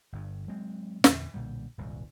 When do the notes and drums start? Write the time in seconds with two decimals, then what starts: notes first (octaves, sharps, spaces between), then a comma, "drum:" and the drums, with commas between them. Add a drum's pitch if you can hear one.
0.13 G1 G2
0.48 F#3 G#3 C4
1.04 E2 G2 A#2 D3, drum: snare
1.34 B1 A#2 D3 G3
1.78 D#1 C2 G#2